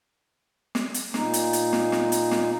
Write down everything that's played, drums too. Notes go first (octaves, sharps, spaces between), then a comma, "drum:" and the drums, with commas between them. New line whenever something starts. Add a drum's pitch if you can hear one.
drum: snare
drum: hi-hat
A#2 D#4, drum: snare
drum: hi-hat
drum: hi-hat
drum: snare
drum: snare
drum: hi-hat
drum: snare